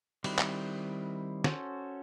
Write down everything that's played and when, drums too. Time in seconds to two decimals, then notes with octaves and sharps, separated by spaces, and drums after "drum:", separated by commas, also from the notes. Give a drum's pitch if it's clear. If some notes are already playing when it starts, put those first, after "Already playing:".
0.24 D#3 G3 C4 E4, drum: cymbal
0.39 drum: clap
1.44 C#4 F#4 A4 C5, drum: snare